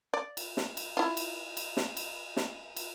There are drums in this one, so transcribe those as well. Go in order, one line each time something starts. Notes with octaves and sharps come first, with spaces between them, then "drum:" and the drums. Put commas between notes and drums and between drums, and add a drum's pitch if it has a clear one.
D5
drum: cymbal
drum: snare
drum: cymbal
E4 F4
drum: cymbal
drum: cymbal
drum: snare
drum: cymbal
drum: snare
drum: cymbal